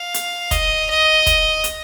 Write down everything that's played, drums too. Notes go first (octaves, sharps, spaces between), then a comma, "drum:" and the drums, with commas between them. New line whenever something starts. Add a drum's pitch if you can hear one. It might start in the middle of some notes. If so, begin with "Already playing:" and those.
Already playing: F5
drum: hi-hat
D#5, drum: kick, hi-hat
D#5
drum: kick, hi-hat
drum: hi-hat